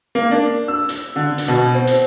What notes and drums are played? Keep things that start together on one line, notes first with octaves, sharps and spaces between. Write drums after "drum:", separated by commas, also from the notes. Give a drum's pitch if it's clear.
A#3
D4
E6
drum: hi-hat
D3
drum: hi-hat
B2
C4
drum: hi-hat